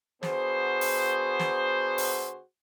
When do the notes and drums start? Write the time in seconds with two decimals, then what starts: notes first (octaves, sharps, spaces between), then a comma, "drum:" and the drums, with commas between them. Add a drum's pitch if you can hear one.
0.23 D3 B3 F#4 G#4 C5, drum: snare
0.81 drum: open hi-hat
1.39 drum: snare
1.98 drum: open hi-hat